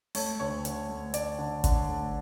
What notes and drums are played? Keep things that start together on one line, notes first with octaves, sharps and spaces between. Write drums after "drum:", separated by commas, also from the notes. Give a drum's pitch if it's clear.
A3 C#5, drum: open hi-hat
D2 C#5
D3, drum: hi-hat
A3
D2 D5, drum: hi-hat
D3
D3, drum: kick G#1, hi-hat
A3